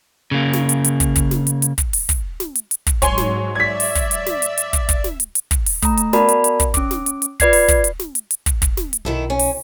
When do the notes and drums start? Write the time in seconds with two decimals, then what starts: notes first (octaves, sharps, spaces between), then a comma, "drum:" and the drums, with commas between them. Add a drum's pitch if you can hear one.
0.31 C#3 A#3
0.53 drum: snare
0.69 drum: hi-hat
0.84 drum: hi-hat
1.00 drum: kick, hi-hat
1.16 drum: kick, hi-hat
1.31 drum: snare
1.47 drum: hi-hat
1.62 drum: hi-hat
1.78 drum: kick, hi-hat
1.93 drum: open hi-hat
2.09 drum: kick, hi-hat
2.40 drum: snare
2.55 drum: hi-hat
2.71 drum: hi-hat
2.87 drum: kick, hi-hat
3.02 G#2 F#3 C#5 G#5 C6, drum: kick, hi-hat
3.18 drum: snare
3.55 D5 E5 G#6 B6
3.80 drum: open hi-hat
3.95 drum: kick, hi-hat
4.11 drum: hi-hat
4.26 drum: snare
4.42 drum: hi-hat
4.58 drum: hi-hat
4.73 drum: kick, hi-hat
4.89 drum: kick, hi-hat
5.04 drum: snare
5.20 drum: hi-hat
5.35 drum: hi-hat
5.51 drum: kick, hi-hat
5.66 drum: open hi-hat
5.82 A3 A#5, drum: kick, hi-hat
5.97 drum: hi-hat
6.13 B3 F#4 A#4 D5 A5 B5, drum: snare
6.28 drum: hi-hat
6.44 drum: hi-hat
6.60 drum: kick, hi-hat
6.74 C#4 D6, drum: kick, hi-hat
6.91 drum: snare
7.06 drum: hi-hat
7.22 drum: hi-hat
7.40 F4 B4 D5 G#6 C7, drum: kick, hi-hat
7.53 drum: open hi-hat
7.68 drum: kick, hi-hat
7.84 drum: hi-hat
7.99 drum: snare
8.15 drum: hi-hat
8.31 drum: hi-hat
8.46 drum: kick, hi-hat
8.62 drum: kick, hi-hat
8.77 drum: snare
8.93 drum: hi-hat
9.05 B1 D#3 E4 A4
9.30 C#4
9.39 drum: open hi-hat